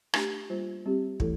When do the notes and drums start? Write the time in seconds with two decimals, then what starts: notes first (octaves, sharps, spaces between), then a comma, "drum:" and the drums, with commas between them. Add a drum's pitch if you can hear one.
0.14 A3 D4 G4, drum: rim click
0.49 G3 A#3 F4 C5
0.85 G3 C4 G4
1.20 E3 A3 E4 A4, drum: kick